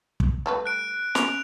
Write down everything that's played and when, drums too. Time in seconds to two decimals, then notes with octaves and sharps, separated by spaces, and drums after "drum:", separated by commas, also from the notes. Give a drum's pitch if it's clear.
0.20 drum: kick
0.46 G3 A3 B4
0.65 F#6 D7
1.15 C#4 F7, drum: snare